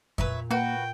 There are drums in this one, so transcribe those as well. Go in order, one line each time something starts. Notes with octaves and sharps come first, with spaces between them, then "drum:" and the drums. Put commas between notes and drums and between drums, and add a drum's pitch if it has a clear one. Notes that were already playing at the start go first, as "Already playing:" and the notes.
A#2 B4 C#5 E5, drum: kick F2
A#3 F#4 B4 G5